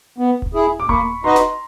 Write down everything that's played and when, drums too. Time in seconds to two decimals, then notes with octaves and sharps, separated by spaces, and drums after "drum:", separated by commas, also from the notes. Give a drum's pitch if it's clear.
0.18 B3
0.42 drum: kick D#1
0.54 E4 G#4
0.80 D6
0.89 A#3 B5 C#6, drum: kick D#1
1.24 D#4 F#4 B4 D#5 A#5 C6
1.36 drum: snare